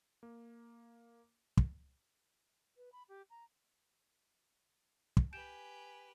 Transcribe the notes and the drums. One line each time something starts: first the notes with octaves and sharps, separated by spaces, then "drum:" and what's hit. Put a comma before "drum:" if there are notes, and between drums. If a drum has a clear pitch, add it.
A#3
drum: kick
B4
B5
G4
A#5
drum: kick
G4 B4 G#5 G6 D7 E7